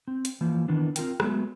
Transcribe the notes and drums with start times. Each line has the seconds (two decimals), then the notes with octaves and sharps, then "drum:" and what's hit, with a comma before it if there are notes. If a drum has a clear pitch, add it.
0.08 C4
0.25 drum: hi-hat
0.41 E3 F3 A#3
0.68 D#3 E3 B3 D4
0.96 C4 F4 A#4 G5, drum: hi-hat
1.20 F#3 G#3 A3 B3, drum: rim click